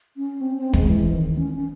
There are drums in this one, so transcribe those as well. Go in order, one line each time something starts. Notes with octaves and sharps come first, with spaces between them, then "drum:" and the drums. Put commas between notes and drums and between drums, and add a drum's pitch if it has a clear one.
C#4
C4
C4
G#3, drum: kick
E3
D#3
C#4
C#4